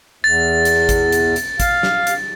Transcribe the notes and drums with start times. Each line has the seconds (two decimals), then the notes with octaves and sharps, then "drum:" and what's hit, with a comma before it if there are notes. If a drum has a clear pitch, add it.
0.24 E2 A6
0.65 drum: hi-hat
0.89 drum: kick, hi-hat
1.12 drum: hi-hat
1.36 drum: hi-hat
1.60 F5, drum: kick, hi-hat
1.83 drum: snare
2.07 drum: hi-hat